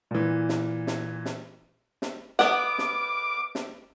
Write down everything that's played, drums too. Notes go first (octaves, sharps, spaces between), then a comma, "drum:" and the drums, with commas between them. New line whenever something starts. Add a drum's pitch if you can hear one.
A#2 E3
drum: snare
drum: snare
drum: snare
drum: snare
B3 F#5 D6, drum: snare
drum: snare
drum: snare